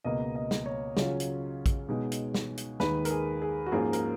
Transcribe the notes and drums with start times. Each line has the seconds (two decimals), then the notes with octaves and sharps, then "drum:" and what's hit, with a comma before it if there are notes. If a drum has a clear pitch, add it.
0.04 C#2 B2 A#3 D#5
0.35 D#5
0.51 drum: snare
0.66 C#5
0.97 C#3 F#3 C#4 F4, drum: snare
1.20 drum: hi-hat
1.66 drum: kick, hi-hat
1.89 B2 G#3 D#4
2.12 drum: hi-hat
2.34 drum: snare
2.57 drum: hi-hat
2.80 D#2 D#3 G#3 B4, drum: snare
3.05 A#4, drum: hi-hat
3.10 G#4
3.42 G#4
3.66 F#4
3.72 G#2 F3 A#3 C#4 F4 G#4
3.93 A#4, drum: hi-hat